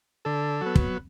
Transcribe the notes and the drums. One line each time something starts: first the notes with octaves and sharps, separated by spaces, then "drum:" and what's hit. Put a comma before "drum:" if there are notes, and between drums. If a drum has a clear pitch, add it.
D3 A4
F#3 B3
drum: kick